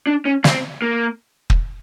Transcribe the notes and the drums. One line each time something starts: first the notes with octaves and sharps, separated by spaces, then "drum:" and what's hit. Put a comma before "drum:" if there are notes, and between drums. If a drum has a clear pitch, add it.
D4
C#4
C4, drum: snare
A#3
drum: kick